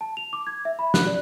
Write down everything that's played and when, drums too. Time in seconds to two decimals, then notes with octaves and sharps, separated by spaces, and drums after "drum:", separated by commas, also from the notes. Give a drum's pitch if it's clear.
0.01 A5
0.17 F7
0.33 D6
0.47 G#6
0.65 E5
0.79 B5
0.94 F#6, drum: snare
1.07 D5